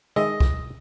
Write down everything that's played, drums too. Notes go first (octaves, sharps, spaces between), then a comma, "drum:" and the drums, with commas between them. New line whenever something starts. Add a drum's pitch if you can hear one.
D#3 G#3 D#5 E5
drum: kick